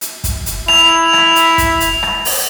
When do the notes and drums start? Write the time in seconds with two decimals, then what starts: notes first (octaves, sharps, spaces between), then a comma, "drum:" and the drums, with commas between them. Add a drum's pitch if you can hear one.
0.01 drum: hi-hat
0.24 drum: kick, hi-hat
0.46 drum: hi-hat
0.68 E4 F7, drum: rim click
1.13 drum: rim click
1.36 drum: hi-hat
1.58 drum: kick, hi-hat
1.80 drum: hi-hat
2.03 drum: rim click
2.25 drum: open hi-hat